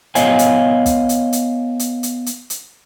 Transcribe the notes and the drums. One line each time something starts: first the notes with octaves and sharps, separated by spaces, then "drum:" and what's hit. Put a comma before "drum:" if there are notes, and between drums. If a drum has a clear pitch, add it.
B3 C#5 D#5 F5 G#5, drum: hi-hat
drum: hi-hat
drum: kick, hi-hat
drum: hi-hat
drum: hi-hat
drum: hi-hat
drum: hi-hat
drum: hi-hat
drum: hi-hat